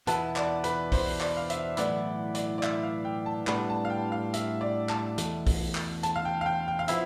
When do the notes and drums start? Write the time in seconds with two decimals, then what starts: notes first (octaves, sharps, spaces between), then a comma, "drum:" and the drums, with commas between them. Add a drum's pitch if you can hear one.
0.07 E2 B2 B3 E4 A5, drum: hi-hat
0.36 D5, drum: clap
0.64 B4, drum: hi-hat
0.92 C5, drum: kick, open hi-hat
1.21 D5, drum: clap
1.37 F5
1.50 E5, drum: hi-hat
1.77 B1 A2 E3 B3 E4 D5, drum: hi-hat
2.35 D5, drum: hi-hat
2.58 D5
2.63 E5, drum: clap
2.83 F5
3.05 G5
3.26 A5
3.47 A2 G3 B3 D4 B5, drum: clap
3.70 A5
3.85 F5
3.90 G5
4.12 F5
4.34 E5, drum: hi-hat
4.61 D5
4.89 A5, drum: clap
5.18 E2 B2 A3, drum: hi-hat
5.47 drum: kick, open hi-hat
5.75 drum: clap
6.03 A5, drum: hi-hat
6.16 F5
6.25 G5
6.41 F5
6.46 G5
6.68 G5
6.79 F5
6.88 F3 B3 E4 E5, drum: hi-hat